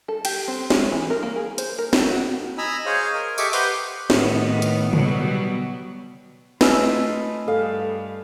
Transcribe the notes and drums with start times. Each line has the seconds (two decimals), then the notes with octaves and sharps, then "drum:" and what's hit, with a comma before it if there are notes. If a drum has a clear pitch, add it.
0.08 A4
0.25 G4, drum: cymbal
0.48 C4
0.70 G#3, drum: snare
0.92 E3
1.10 A#4
1.23 A#3
1.36 G#4
1.58 C5, drum: hi-hat
1.79 A#4
1.93 D#3, drum: snare
2.10 F#4
2.58 D#5 G#5 A#5 B5 E6
2.86 G#4 C5 C#5 D#5 F5
3.14 A#4
3.38 G4 A4 D#5 E5 C#6 D6, drum: tambourine
3.53 G4 B4 C5 F#5 C6, drum: open hi-hat
4.10 A2 D#3 B3, drum: snare
4.62 drum: hi-hat
4.93 B2 F#3 G3 B3, drum: tom
6.61 A3 E4 F4 B4 D#5 G#5 E6 F6, drum: snare
7.48 G2 A4 F5